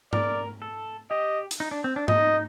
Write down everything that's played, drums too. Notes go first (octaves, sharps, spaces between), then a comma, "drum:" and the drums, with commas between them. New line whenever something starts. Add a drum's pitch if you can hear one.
A#4 D5, drum: tom G#2
A4
G4 D#5
drum: hi-hat
D#4
D4
C4
D4
D#4 D#5, drum: tom G#2